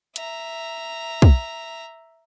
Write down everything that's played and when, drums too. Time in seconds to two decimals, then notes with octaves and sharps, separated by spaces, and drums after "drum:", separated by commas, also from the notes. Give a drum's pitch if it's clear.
0.16 E5 A#5, drum: hi-hat
1.22 drum: kick